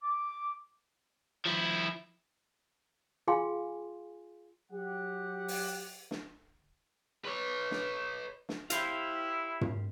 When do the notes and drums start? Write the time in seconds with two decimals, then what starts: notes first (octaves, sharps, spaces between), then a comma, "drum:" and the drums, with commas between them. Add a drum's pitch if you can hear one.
0.02 D6
1.45 F3 E4
3.27 F4 G#4 F5 G5 G#5 C6
4.72 F#3 G4 F#5
5.48 drum: open hi-hat
6.11 drum: snare
7.25 B4 C#5
7.71 drum: snare
8.49 drum: snare
8.70 E4 G4 C5 F5, drum: hi-hat
9.61 drum: tom